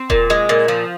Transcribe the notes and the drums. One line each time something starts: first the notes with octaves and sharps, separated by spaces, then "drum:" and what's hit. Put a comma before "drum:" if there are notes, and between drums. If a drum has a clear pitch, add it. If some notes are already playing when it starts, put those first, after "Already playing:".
Already playing: C4
A#2, drum: kick D#1
G#3
A#2
F3